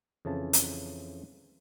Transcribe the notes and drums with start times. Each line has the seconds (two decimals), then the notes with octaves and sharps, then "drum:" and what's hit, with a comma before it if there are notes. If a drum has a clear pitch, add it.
0.25 F2 C#3 E3 A5
0.53 drum: hi-hat